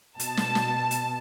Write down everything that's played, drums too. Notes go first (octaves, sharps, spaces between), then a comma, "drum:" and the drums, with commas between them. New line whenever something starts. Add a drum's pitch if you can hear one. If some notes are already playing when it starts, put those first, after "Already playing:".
B2 A5, drum: hi-hat
drum: snare
drum: snare
drum: hi-hat